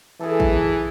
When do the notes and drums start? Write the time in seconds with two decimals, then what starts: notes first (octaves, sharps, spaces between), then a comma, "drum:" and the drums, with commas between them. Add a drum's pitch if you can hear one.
0.21 E3 G#4 A4
0.40 drum: kick A1